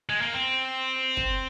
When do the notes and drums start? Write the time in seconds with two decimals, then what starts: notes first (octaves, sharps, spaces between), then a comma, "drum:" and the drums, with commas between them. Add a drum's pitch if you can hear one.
0.09 G#3
0.21 A#3
0.33 C4
1.17 drum: kick